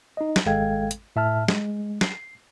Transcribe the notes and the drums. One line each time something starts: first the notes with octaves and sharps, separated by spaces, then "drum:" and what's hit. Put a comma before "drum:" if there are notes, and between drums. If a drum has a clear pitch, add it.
D#4 D#5
drum: snare
G#1 G#3 A4 F5 G5 G#6
drum: hi-hat
A2 E5 A5 F6
G#3, drum: snare
C7, drum: snare